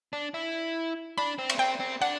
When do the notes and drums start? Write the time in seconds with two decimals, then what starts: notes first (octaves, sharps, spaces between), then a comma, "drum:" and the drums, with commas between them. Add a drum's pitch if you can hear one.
0.13 D4
0.34 E4
1.18 D4 B5
1.39 C4
1.50 drum: cymbal
1.59 C4 G5
1.80 C4
2.02 D4 F#5